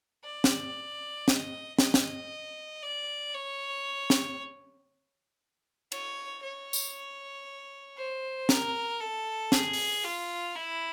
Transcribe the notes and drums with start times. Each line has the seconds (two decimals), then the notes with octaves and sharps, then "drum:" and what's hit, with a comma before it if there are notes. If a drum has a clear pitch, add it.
0.24 D5
0.44 drum: snare
1.28 D#5, drum: snare
1.79 D#5, drum: snare
1.94 drum: snare
2.82 D5
3.34 C#5
4.10 drum: snare
5.92 C#5, drum: cymbal
6.43 C#5
6.73 drum: tambourine
7.97 C5
8.49 A#4, drum: snare
9.00 A4
9.52 G#4, drum: snare
9.73 drum: open hi-hat
10.04 F4
10.56 E4